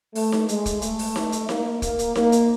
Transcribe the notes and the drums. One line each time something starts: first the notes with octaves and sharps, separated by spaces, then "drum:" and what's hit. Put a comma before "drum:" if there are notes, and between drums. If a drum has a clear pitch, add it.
A3, drum: open hi-hat
drum: snare D#4
G#3, drum: hi-hat
drum: kick, hi-hat
A3, drum: hi-hat
drum: open hi-hat
drum: snare D#4
drum: hi-hat
A#3, drum: snare D#4
A#3, drum: kick, hi-hat
drum: hi-hat
A#3, drum: snare D#4
drum: hi-hat